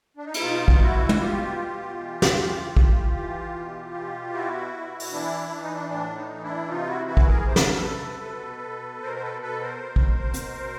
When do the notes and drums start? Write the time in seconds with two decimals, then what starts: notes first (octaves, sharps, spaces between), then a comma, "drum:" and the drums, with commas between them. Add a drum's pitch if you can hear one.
0.17 D4
0.25 D#4
0.34 E4, drum: cymbal
0.41 B2 D#4 F4
0.68 drum: kick
0.81 B2 E4 F#4
1.09 drum: tom
1.20 B2 F4 G4
1.59 B2
1.99 E3
2.22 drum: snare
2.37 E3
2.77 E3, drum: kick
3.16 E3
3.55 B2
3.94 B2
4.33 B2 E4 F#4
4.72 B2
4.99 drum: open hi-hat
5.11 E3 D4 E4
5.50 E3 D4
5.62 D#4
5.73 D4
5.89 A2 D4
6.15 D#4
6.29 E3
6.42 D4 E4
6.68 C3 D#4 F4
6.87 E4 F#4
7.06 E3 E4 F#4
7.17 drum: kick
7.26 G#4 A#4
7.46 C3 C5
7.56 B4, drum: snare
7.65 A#4
7.75 A4 B4
7.85 C3
8.24 B2
8.63 B2
9.02 B2 A#4 C5
9.16 C5
9.22 A4 B4
9.41 B2 A4 B4
9.61 A#4 C5
9.80 B2
9.96 drum: kick
10.20 B2
10.34 drum: hi-hat
10.58 B2